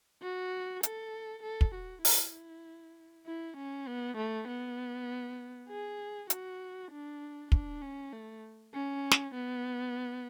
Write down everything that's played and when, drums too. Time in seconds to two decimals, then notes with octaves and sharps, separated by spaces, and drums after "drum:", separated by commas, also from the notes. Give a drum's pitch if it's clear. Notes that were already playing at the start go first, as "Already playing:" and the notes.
0.22 F#4
0.83 A4, drum: hi-hat
1.43 A4
1.61 drum: kick
1.74 F#4
2.05 E4, drum: open hi-hat
3.26 E4
3.57 C#4
3.88 B3
4.17 A3
4.48 B3
5.70 G#4
6.30 F#4, drum: hi-hat
6.92 D4
7.52 D4, drum: kick
7.82 C#4
8.13 A3
8.74 C#4
9.11 drum: snare
9.35 B3